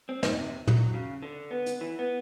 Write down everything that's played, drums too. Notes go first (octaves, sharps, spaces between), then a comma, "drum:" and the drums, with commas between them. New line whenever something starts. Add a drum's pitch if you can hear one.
C4
D#4, drum: snare
C3
F#3, drum: tom
C#3
D3
B3
drum: hi-hat
E3
B3